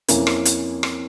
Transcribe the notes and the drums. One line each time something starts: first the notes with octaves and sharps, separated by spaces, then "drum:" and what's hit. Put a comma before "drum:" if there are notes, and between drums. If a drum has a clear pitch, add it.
F2 E3 A#3 C#4, drum: hi-hat
drum: rim click
drum: hi-hat
drum: rim click